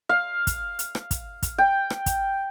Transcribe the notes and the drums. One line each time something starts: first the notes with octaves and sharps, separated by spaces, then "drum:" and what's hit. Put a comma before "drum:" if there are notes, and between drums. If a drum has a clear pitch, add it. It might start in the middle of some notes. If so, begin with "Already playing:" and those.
F5
drum: kick, hi-hat
drum: hi-hat
drum: rim click
drum: kick, hi-hat
drum: kick, hi-hat
G5
drum: rim click
drum: kick, hi-hat